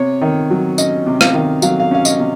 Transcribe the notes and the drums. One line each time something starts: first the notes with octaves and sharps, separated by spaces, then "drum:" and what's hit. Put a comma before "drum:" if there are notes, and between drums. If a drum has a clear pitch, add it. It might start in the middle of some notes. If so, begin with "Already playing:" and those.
Already playing: C3 C#5
D#3
F#3
C#4 D#5, drum: tambourine
C3
F5, drum: rim click
D#3
F#3 F5, drum: tambourine
F5
C#4 F5
D#5, drum: tambourine
C3